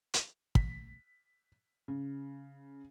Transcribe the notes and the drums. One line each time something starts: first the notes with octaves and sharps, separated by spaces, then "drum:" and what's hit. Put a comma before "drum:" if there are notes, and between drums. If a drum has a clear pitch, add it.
drum: hi-hat
B6, drum: kick
C#3